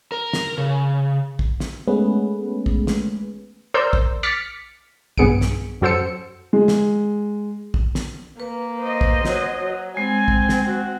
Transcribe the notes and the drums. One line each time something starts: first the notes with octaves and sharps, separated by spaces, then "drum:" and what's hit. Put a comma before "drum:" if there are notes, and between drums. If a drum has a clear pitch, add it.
A#4
drum: snare
C#3
drum: kick
drum: snare
G#3 A3 B3 C#4 G#4 B4
drum: kick
drum: snare
A#4 C5 D5 C6 E6 G6
drum: kick
D6 F6 A6 B6 C#7
B1 G2 B3 G#4 C#7 D7, drum: kick
drum: snare
F#2 F#3 A4 C5 E6 C#7
G#3
drum: snare
drum: kick
drum: snare
A#3 B4
C5 D#5
drum: kick
F#3, drum: snare
F#3
G#3 C4 G#5
drum: kick
drum: snare
F#4